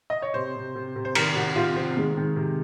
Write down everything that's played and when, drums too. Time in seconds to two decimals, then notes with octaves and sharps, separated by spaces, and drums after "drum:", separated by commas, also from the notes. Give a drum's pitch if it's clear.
0.10 D#5
0.22 C#5
0.34 C3 C5
0.55 C3
0.76 C3
0.96 C3
1.05 C5
1.15 D#3 A#4, drum: cymbal
1.35 C3 F#4
1.56 C3 F4
1.76 C3 C4
1.96 D#3 G#3
2.17 D#3
2.36 C3